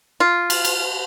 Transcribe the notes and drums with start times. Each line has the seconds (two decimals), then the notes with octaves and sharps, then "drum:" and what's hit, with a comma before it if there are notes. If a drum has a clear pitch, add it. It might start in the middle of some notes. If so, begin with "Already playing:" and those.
0.20 F4
0.50 drum: cymbal
0.65 drum: cymbal